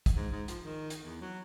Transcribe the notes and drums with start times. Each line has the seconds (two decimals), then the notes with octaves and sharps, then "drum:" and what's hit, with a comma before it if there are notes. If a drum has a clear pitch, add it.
0.06 drum: kick, hi-hat
0.16 G#2
0.32 G#2
0.48 F3, drum: hi-hat
0.63 D#3
0.90 drum: hi-hat
1.03 E2
1.21 F#3